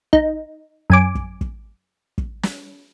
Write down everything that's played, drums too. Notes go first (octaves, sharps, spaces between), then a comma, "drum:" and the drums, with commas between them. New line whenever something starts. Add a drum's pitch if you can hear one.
D#4, drum: kick
F#2 G#5 D6
drum: kick
drum: kick
drum: kick
drum: snare